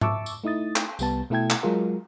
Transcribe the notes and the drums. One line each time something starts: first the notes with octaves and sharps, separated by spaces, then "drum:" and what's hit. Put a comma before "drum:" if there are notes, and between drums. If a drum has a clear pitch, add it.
E5 A5 C#6 D6 E6, drum: tom G#2
drum: tambourine
A3 D#4 E4 D#6 A6
drum: clap
C2 G3 B3 A5, drum: tambourine
B2 A3 E4 A4 G5 G#6
drum: clap
F#3 G#3 F4 A#4